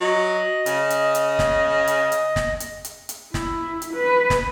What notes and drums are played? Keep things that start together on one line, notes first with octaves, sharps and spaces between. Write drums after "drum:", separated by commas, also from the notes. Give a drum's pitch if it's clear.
F#3 D#5
C#3, drum: hi-hat
drum: hi-hat
drum: hi-hat
drum: snare
drum: hi-hat
drum: hi-hat
drum: snare
drum: hi-hat
drum: hi-hat
drum: hi-hat
E4, drum: snare
drum: hi-hat
B4
drum: snare